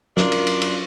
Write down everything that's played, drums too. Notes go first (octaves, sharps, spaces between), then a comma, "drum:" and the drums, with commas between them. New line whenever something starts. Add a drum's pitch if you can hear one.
F#2 D4 F4 A#4, drum: snare
drum: cymbal
drum: cymbal
drum: cymbal